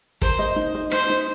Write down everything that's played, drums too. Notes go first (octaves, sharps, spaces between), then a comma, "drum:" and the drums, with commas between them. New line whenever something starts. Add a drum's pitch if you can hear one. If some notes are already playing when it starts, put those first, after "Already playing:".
A#4 C5, drum: kick, hi-hat
D#5
D#4
D#5
D#4 C5, drum: rim click
D#4